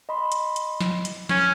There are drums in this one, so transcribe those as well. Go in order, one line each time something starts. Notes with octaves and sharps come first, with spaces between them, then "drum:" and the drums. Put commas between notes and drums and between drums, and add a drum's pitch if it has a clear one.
D#5 B5 C6
drum: hi-hat
drum: hi-hat
drum: snare
drum: hi-hat
C#4, drum: snare